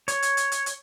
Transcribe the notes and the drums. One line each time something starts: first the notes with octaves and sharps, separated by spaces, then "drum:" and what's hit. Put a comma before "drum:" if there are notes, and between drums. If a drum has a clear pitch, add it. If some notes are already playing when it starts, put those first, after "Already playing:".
C#5, drum: hi-hat
drum: hi-hat
drum: hi-hat
drum: hi-hat
drum: hi-hat